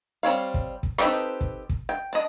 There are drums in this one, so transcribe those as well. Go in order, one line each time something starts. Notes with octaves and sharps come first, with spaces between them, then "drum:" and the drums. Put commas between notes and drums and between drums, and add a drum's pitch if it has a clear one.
G3 C4 C#5 F5
drum: kick
drum: kick
C4 D#4 G4 A4 B4, drum: rim click
drum: kick
drum: kick
G5
D4 D#5